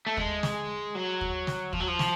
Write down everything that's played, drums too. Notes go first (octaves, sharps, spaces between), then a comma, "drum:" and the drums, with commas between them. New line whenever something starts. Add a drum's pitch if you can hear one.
A3
G#3, drum: kick
drum: snare
F#3
drum: kick
drum: snare
F3, drum: kick
F#3
F3
drum: snare